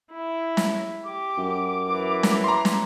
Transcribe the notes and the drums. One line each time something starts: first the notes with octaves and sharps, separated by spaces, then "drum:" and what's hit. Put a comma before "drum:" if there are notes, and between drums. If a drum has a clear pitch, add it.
E4
drum: snare
G4 D6
F#2
E3
drum: snare
A#5 C6
drum: snare